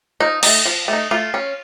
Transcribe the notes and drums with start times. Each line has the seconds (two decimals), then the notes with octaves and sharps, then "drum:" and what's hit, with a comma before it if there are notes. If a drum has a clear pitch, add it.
0.20 F3 D#4
0.43 A3 D#4, drum: cymbal
0.65 F3
0.88 A3 D#4
1.11 A3 F4
1.34 C#4